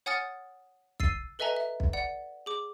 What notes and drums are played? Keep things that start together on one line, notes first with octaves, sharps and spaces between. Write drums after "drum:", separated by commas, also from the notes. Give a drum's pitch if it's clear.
C#5 F#5 G#5 D#6 F6 A6
E6 A6 C7 D#7, drum: kick
A4 B4 D#5 E5 G#5 A#5
E5
drum: kick
D5 F#5
G#4 D6